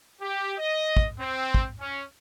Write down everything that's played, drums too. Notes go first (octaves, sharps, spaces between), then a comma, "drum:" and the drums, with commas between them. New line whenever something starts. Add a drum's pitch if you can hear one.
G4
D#5
drum: kick
C4
drum: kick
C#4